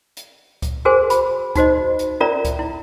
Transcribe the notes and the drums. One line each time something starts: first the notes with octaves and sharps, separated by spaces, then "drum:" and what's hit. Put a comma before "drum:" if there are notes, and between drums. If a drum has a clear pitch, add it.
drum: hi-hat
drum: kick C#2, hi-hat
F#4 G#4 A#4 C5 G#5
B5, drum: hi-hat
D#4 F#4 C5 D#5, drum: kick C#2, hi-hat
drum: hi-hat
C#4 F4 A#4 D5 E5 A#5
drum: kick C#2, hi-hat
E4